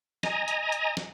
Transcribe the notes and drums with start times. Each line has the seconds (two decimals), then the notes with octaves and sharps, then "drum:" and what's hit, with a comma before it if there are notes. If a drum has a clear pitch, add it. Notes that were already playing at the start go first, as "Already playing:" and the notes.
0.23 D#5 G#5 A#5, drum: snare
0.48 drum: hi-hat
0.72 drum: hi-hat
0.97 drum: snare